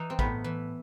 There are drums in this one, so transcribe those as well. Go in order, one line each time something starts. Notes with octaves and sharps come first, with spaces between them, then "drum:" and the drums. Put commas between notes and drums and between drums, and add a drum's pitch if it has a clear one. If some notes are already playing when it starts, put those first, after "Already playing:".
Already playing: E3 D#4
C4
A2 B3, drum: kick
E3